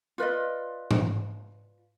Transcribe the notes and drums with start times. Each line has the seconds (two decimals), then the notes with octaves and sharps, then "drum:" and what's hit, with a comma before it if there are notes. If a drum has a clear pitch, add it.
0.18 F4 B4 D5 D#5
0.91 drum: tom G#2